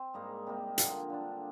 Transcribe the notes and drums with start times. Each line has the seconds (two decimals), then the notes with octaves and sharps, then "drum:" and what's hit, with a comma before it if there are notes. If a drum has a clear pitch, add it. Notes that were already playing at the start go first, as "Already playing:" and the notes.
Already playing: C4
0.14 G#2 G3 A#3 D#4
0.47 C3 G3 A#3
0.78 D3 F3 A#3 D#4, drum: hi-hat
1.10 D3 G3 D4